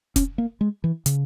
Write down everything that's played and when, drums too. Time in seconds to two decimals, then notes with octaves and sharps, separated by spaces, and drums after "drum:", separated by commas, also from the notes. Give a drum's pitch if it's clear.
0.16 C#4, drum: kick, hi-hat
0.38 A#3
0.61 G#3
0.84 E3
1.06 C#3, drum: hi-hat